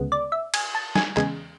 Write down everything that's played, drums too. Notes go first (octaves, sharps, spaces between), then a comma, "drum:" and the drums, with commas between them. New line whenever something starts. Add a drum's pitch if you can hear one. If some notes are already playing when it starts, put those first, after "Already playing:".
Already playing: D2 C#3 G#3 B3
D5
E5
G#5, drum: cymbal
A5
G#5, drum: snare
E2 C#3 G#3 G#5, drum: clap